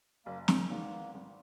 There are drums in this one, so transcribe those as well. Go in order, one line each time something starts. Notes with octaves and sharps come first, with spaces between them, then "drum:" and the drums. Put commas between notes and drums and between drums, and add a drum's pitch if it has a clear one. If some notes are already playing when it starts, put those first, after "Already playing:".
F#1 A#3
drum: snare
E2 D#3 G#3 A#3
G#1